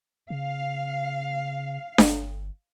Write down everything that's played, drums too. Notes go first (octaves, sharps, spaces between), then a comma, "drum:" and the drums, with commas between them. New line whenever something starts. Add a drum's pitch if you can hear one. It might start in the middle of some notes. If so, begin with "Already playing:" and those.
C#3 F5
G1, drum: snare D4